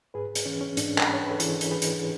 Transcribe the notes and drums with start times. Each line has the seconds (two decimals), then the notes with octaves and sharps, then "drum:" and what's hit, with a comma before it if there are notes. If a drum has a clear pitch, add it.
0.14 G#2 G#4 B4
0.35 drum: hi-hat
0.46 E3 C#4
0.61 C#4
0.77 G#2 D4, drum: hi-hat
0.98 drum: clap
1.09 G#2 C#5
1.23 B4
1.31 A4
1.40 E3 E4 G#4, drum: hi-hat
1.61 drum: hi-hat
1.71 E3 G#4 B4
1.82 drum: hi-hat